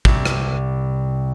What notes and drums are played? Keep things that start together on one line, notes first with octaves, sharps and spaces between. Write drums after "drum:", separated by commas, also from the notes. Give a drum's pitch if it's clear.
C2, drum: kick
drum: rim click